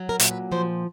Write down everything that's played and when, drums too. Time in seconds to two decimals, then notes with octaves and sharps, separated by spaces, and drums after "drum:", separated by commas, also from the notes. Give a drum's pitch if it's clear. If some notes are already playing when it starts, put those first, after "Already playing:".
Already playing: F#3
0.09 A#4
0.20 A#2, drum: hi-hat
0.31 B4
0.52 F3 C5